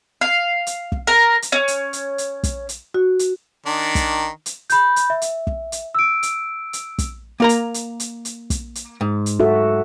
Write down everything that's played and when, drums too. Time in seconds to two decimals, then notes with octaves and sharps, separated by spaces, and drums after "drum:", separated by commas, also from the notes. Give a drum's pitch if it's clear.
0.21 F5
0.67 drum: hi-hat
0.92 drum: kick
1.07 A#4
1.42 drum: hi-hat
1.52 C#4
1.68 drum: hi-hat
1.93 drum: hi-hat
2.18 drum: hi-hat
2.44 drum: kick, hi-hat
2.69 drum: hi-hat
2.94 F#4
3.19 drum: hi-hat
3.66 D#3 D4
3.95 drum: kick, hi-hat
4.46 drum: hi-hat
4.70 B5 G6, drum: hi-hat
4.96 drum: hi-hat
5.10 E5
5.22 drum: hi-hat
5.47 drum: kick
5.72 drum: hi-hat
5.95 E6 D7
6.23 drum: hi-hat
6.73 drum: hi-hat
6.98 drum: kick, hi-hat
7.40 A#3 A#4 A#5
7.49 drum: hi-hat
7.74 drum: hi-hat
8.00 drum: hi-hat
8.25 drum: hi-hat
8.50 drum: kick, hi-hat
8.75 drum: hi-hat
9.01 G#2
9.26 drum: hi-hat
9.40 F#4 A4 E5